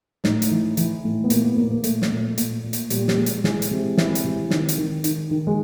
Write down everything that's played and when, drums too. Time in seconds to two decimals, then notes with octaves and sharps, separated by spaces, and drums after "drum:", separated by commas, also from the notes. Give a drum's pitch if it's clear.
0.24 A2 D#4, drum: snare
0.42 drum: hi-hat
0.51 E3
0.77 E3, drum: hi-hat
1.05 A2
1.24 B3
1.30 A#2 A#3, drum: hi-hat
1.44 B3
1.57 A#2 A#3
1.71 A#3
1.84 A#2 A3, drum: hi-hat
2.02 drum: snare
2.11 A#2
2.38 A#2, drum: hi-hat
2.64 A#2
2.73 drum: hi-hat
2.90 A#2 G3, drum: hi-hat
3.08 G3, drum: snare
3.17 A#2 G#3
3.26 drum: hi-hat
3.44 E3 G#3, drum: snare
3.62 drum: hi-hat
3.71 C3
3.98 E3, drum: snare
4.15 drum: hi-hat
4.24 C3
4.50 D#3, drum: snare
4.69 drum: hi-hat
4.78 D#3
5.04 D#3, drum: hi-hat
5.31 D#3
5.47 G#3